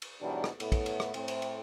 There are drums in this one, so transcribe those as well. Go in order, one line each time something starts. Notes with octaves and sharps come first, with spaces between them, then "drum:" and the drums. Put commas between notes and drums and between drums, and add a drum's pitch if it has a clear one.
drum: cymbal
G#2 B2 E3 F#3 G3 D4
drum: rim click
A2 B3, drum: cymbal
drum: kick, cymbal
drum: cymbal
drum: rim click
A2 C4, drum: cymbal
drum: cymbal
drum: cymbal